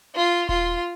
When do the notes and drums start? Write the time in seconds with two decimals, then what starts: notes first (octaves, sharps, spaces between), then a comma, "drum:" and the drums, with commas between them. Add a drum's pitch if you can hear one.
0.15 F4
0.49 F4, drum: kick D#1